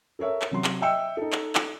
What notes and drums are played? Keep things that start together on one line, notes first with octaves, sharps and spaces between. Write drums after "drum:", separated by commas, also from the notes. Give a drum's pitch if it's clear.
A4 A#4 C#5 E5
drum: clap
C3 F#3 C6
drum: clap
D#5 E5 G5 E6 C#7
D#4 A4
drum: clap
drum: clap